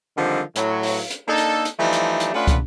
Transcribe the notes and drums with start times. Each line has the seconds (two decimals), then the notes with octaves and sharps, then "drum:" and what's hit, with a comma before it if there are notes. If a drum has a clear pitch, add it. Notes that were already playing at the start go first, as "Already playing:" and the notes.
0.17 D3 D#3 F3 G3 G#3 C4
0.56 A2 F#3, drum: hi-hat
0.83 drum: open hi-hat
1.10 drum: hi-hat
1.28 A#3 D4 D#4 A4
1.38 drum: hi-hat
1.65 drum: hi-hat
1.79 E3 F3 G3 A3 D4 D#4
1.93 drum: hi-hat
2.20 drum: hi-hat
2.34 A3 C#4 D4 F4 B4 F#5
2.47 drum: kick, hi-hat